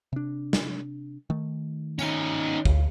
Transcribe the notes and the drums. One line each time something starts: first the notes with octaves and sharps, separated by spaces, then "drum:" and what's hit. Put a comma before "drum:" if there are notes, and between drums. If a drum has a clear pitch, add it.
C3 D4
drum: snare
D#3 A3
C#4 D#4, drum: tambourine
D2, drum: kick